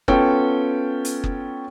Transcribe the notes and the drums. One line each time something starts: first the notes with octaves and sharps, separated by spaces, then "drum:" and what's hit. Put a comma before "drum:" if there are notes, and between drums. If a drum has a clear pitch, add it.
B3 C#4 F4 A4 G5, drum: kick F#1
drum: hi-hat
drum: kick F#1